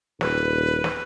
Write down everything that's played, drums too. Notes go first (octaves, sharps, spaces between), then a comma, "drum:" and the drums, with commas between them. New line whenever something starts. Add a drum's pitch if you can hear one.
D#1 B4, drum: snare
drum: snare